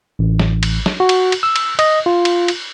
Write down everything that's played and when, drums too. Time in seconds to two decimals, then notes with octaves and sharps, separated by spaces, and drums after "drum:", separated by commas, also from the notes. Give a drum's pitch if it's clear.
0.19 A1
0.40 drum: snare
0.63 drum: cymbal
0.86 drum: snare
1.00 F#4
1.09 drum: cymbal
1.32 drum: cymbal
1.43 E6
1.56 drum: cymbal
1.79 D#5, drum: cymbal
2.06 F4
2.25 drum: cymbal
2.48 drum: cymbal